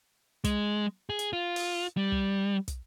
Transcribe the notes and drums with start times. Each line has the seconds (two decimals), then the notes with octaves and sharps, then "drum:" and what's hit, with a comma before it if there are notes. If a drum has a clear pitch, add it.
0.44 G#3, drum: kick, hi-hat
1.10 G#4
1.19 drum: hi-hat
1.33 F4
1.56 drum: open hi-hat
1.97 G3
2.12 drum: kick
2.68 drum: kick, hi-hat